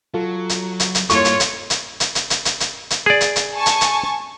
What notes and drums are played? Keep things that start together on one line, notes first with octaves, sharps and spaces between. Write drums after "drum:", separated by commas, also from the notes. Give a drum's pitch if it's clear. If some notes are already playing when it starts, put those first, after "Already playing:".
F#3 F4 A4
drum: hi-hat
drum: hi-hat
drum: hi-hat
G2 A#3 E4 F4 A4 C#5 C#6, drum: hi-hat
drum: hi-hat
drum: hi-hat
drum: hi-hat
drum: hi-hat
drum: hi-hat
drum: hi-hat
drum: hi-hat
drum: hi-hat
drum: hi-hat
G#4 D5
drum: hi-hat
drum: hi-hat
G#5 A5 C#6
drum: hi-hat
drum: hi-hat